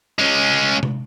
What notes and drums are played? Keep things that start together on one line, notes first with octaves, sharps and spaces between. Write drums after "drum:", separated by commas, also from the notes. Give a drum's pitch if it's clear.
G#3 C#4
drum: tom C3